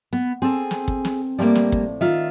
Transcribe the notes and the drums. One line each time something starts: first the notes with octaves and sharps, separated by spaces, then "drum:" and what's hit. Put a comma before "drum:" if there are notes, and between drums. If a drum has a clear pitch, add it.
B3
C4 G#4 A4
drum: snare
drum: kick
drum: snare
A2 F3 G3 A#3 D5
drum: snare
drum: kick
D#3 F4 E5